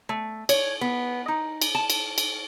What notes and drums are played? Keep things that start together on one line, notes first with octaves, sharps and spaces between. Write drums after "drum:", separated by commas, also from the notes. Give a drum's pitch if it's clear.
A3
C#5, drum: cymbal
B3
D#4
drum: cymbal
A5
drum: cymbal
drum: cymbal